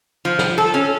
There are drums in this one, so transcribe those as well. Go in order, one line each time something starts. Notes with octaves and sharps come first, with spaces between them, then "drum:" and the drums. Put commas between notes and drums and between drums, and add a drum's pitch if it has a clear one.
F3
drum: snare
A4
C#4